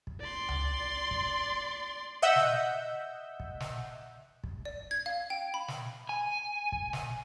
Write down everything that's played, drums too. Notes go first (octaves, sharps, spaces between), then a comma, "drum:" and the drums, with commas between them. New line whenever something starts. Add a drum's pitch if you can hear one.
drum: kick
D5 C6
drum: tom C#2
drum: kick
D#5 E5 F#5 E6 G6
drum: snare
drum: kick
drum: snare
drum: kick
D5
G#6
F5
G5
B5
drum: snare
G#5
drum: kick
drum: snare